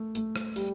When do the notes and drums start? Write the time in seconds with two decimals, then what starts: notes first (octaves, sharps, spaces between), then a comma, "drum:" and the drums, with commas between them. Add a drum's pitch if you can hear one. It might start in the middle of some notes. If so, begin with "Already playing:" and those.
Already playing: A3
0.15 A3, drum: hi-hat
0.36 drum: rim click
0.56 G3, drum: hi-hat